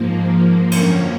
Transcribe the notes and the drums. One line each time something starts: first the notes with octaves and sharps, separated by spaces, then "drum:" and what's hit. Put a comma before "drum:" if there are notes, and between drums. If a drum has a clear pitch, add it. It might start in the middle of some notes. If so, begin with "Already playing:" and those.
Already playing: G#2 F3 A#3
F#2 D3 F3 A#3 C#4, drum: cymbal